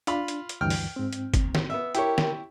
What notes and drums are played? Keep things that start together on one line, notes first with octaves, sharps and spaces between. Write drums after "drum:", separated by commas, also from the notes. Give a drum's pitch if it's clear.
D4 F4 B5, drum: hi-hat
drum: hi-hat
drum: hi-hat
D2 G2 E3 G5 F6
drum: open hi-hat
G#2 C4
drum: hi-hat
drum: kick, hi-hat
drum: snare
B3 E5
E4 G4 A#4 C#5 G5, drum: hi-hat
drum: snare